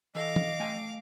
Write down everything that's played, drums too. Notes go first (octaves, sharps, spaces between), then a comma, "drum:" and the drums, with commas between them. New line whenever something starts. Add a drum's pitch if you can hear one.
E3 A4 D#5 F5 D6
drum: tom
A3 G5 G#5